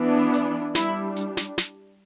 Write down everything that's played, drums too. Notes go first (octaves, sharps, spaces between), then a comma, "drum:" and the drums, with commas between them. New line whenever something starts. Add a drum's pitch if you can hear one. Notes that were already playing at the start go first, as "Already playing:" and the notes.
Already playing: E3 B3 D4
drum: hi-hat
G3 D4 E4, drum: snare
drum: hi-hat
drum: snare
drum: snare